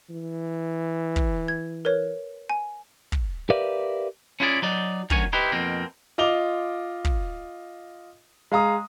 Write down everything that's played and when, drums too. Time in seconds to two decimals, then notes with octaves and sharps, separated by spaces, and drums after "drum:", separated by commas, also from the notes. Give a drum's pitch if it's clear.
0.10 E3
1.16 drum: kick
1.48 G#6
1.85 A#4 B4 C#5
2.50 G#5
3.12 drum: kick
3.50 G4 A#4 B4 D5 E5 F5
4.40 C#4 E4 F4 G#4 B4 D5
4.62 F#3 D#4 D5
5.10 D2 D#3 F#3 C#4 C#5 G#5, drum: kick
5.33 D#4 E4 G4 B4 C5
5.52 F2 B2 A#3 C4
6.18 F4 D#5 D6 F7 G7
7.05 drum: kick
8.52 G#3 F5 A#5 D#6